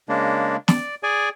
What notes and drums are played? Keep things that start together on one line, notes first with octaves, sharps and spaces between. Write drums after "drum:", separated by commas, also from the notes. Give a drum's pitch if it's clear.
C#3 G#3 A#3 D4
D5, drum: snare
G#4 D5 G#5